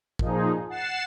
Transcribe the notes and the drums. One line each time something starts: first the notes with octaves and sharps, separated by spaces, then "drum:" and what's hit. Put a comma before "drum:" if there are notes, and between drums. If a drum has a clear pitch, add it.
A#2 F3 D#4 G#4, drum: kick
F#5 A6 C7 E7